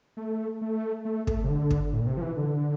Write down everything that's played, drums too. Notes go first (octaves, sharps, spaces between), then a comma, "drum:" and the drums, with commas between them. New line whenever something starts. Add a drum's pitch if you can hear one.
A3
A3
A3
A3, drum: kick
C3
D3
drum: kick
A2
A#2
C3
F3
E3
D3